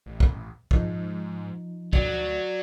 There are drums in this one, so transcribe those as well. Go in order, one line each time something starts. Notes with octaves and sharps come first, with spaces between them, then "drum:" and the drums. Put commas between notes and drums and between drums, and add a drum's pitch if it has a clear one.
A1
drum: kick
G#2 F3 D#4, drum: kick
D2 F#3 D5, drum: kick